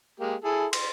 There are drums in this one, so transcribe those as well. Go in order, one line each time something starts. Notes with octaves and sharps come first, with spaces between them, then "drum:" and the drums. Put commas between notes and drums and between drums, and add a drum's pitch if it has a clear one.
G#3 A#3 G4
E4 G#4 A4
C6, drum: cymbal